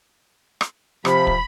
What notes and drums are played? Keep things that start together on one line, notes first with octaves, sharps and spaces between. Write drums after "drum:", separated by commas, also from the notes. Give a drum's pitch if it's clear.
drum: rim click
C3 F3 B5, drum: rim click
drum: kick